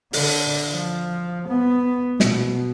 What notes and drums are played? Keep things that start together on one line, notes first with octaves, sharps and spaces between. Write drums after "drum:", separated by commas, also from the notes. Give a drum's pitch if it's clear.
D3, drum: open hi-hat
F3
B3
B2, drum: snare